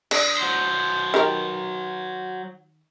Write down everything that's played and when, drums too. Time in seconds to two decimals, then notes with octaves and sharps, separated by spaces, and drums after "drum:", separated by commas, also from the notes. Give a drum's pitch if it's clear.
0.11 D3 D4, drum: cymbal
0.38 F#3 C5
1.14 D#3 G4 A#4